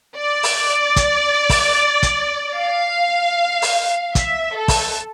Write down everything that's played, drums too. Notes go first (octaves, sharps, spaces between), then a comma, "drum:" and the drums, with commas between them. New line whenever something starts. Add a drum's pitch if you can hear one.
D5
drum: open hi-hat
drum: kick, hi-hat
drum: kick, open hi-hat
drum: kick, hi-hat
F5
drum: open hi-hat
E5, drum: kick, hi-hat
A4
drum: kick, open hi-hat